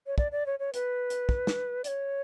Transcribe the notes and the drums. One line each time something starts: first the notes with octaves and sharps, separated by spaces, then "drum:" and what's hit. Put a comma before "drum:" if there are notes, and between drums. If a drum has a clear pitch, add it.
C#5
D5, drum: kick
D5
C#5
C#5
B4, drum: hi-hat
drum: hi-hat
drum: kick
drum: snare
D5, drum: hi-hat
C#5